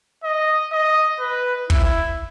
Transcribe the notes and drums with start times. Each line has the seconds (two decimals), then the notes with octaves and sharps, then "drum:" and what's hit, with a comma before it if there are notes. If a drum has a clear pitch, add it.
0.24 D#5
0.72 D#5
1.20 B4
1.70 E4, drum: kick